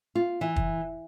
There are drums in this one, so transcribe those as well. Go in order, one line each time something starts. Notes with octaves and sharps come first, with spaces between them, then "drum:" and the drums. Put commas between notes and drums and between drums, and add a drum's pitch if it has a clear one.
F4
E3
drum: kick